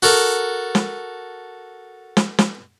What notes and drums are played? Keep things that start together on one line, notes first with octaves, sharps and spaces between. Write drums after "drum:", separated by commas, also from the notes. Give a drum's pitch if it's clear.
F#4 A4 A#4, drum: open hi-hat
drum: snare
drum: snare
drum: snare